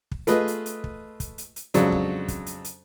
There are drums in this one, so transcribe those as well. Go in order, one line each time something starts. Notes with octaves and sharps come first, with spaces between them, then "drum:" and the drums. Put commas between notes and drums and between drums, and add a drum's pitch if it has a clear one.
drum: kick
A3 F4 G#4 B4 D#5, drum: hi-hat
drum: hi-hat
drum: hi-hat
drum: kick
drum: kick, hi-hat
drum: hi-hat
drum: hi-hat
F2 C#3 F#3 G#3 D4, drum: hi-hat
drum: kick
drum: kick, hi-hat
drum: hi-hat
drum: hi-hat